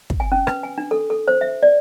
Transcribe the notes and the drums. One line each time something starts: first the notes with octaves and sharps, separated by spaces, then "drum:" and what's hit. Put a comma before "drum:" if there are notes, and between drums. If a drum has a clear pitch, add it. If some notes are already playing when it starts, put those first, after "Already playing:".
drum: kick
G#5
C#4
B4, drum: rim click
G#5
D4
A4
A4
C5
E5
D5